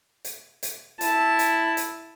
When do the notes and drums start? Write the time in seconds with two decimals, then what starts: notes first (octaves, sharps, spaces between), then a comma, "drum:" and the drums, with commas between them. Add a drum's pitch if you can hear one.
0.25 drum: hi-hat
0.63 drum: hi-hat
1.01 E4 A5, drum: hi-hat
1.39 drum: hi-hat
1.77 drum: hi-hat